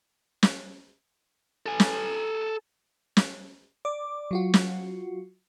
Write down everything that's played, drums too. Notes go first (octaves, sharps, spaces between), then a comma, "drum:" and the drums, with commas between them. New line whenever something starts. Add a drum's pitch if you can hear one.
drum: snare
A4 G#5
drum: snare
drum: snare
D5 D6
F#3 F4 F#4
drum: snare